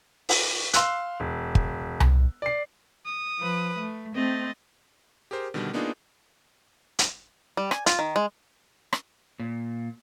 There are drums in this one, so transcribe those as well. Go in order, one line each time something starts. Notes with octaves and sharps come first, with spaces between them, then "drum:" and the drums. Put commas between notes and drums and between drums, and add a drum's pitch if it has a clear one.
drum: open hi-hat
F5 C6 E6 F#6, drum: hi-hat
E1
drum: kick
drum: tom C2
D5 C7
D#6
F3 B4
A3
A3 C4 D#5 A6
G4 G#4 A#4 C5
B2 D3 D#3 G3
A#3 B3 D4 D#4 F4 G#4
drum: hi-hat
G3
G#5, drum: rim click
F4, drum: hi-hat
D#3
G#3
drum: rim click
A#2